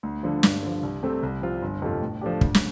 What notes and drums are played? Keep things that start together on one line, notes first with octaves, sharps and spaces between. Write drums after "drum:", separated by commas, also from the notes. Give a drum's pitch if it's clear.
D2
D3 F3
G2, drum: snare
D3 F3
C2
C3 A3 C4
C2
C3 F3 C4 F4
G1
F2 C3 A3 F4
A2
F3 A3 D4 G4
D2, drum: kick
drum: snare